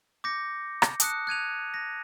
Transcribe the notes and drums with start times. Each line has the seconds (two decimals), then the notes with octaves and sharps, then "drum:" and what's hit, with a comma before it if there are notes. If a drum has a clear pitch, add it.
0.24 D6 G6 A#6 C#7
0.82 drum: rim click
1.00 A5 D#6 F#6 C#7, drum: hi-hat
1.27 F#6 G#6 D#7 F7
1.74 A#6